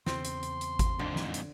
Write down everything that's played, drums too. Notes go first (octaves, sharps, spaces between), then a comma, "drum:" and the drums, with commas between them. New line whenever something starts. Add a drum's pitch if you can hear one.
E2 C#3 C4 C6, drum: snare
drum: hi-hat
drum: hi-hat
drum: hi-hat
drum: kick G#1, hi-hat
F2 G#2 D3
drum: snare
drum: hi-hat